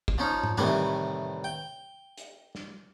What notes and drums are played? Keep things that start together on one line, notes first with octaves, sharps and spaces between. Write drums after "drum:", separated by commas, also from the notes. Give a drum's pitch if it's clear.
drum: kick
F3 C#4 D#4
drum: tom
C2 A2 D#3 E3 B4 G#5, drum: tom G#2
G5
drum: hi-hat
drum: snare